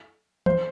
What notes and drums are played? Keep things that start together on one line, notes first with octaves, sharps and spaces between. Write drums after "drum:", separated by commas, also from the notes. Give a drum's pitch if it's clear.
C5, drum: tom E3